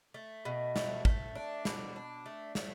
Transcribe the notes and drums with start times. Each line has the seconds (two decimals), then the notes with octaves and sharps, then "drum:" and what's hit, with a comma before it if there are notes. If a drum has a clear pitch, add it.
0.14 A3
0.45 B2
0.76 A3, drum: snare
1.05 A3, drum: kick
1.35 D4
1.65 B2, drum: snare
1.96 D4
2.26 A3
2.55 A3, drum: snare